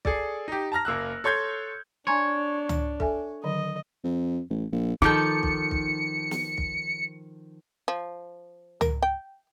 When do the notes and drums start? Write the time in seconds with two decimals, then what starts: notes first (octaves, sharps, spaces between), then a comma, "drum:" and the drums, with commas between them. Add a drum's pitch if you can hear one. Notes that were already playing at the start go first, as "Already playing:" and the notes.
0.05 G#4 A4 D5, drum: kick
0.48 D#4 G4
0.72 A5 A#5 F6 A#6
0.85 F#1 A#3 E6 F#6
1.24 A4 C#5 C6 G6 G#6
2.07 D4 C#5 G#5 A#5 C6
2.69 drum: tom C#2
3.00 A4 E5 G#5, drum: kick
3.44 D3 D#3 F#3 D#5
4.04 F2
4.50 A1
4.72 A#1
5.02 D#3 F3 D#4 A4 D6 G6 C#7
5.43 drum: kick
5.71 drum: kick
6.31 drum: snare
6.58 drum: kick
7.88 F3
8.81 A#4, drum: tom C#2
9.02 G5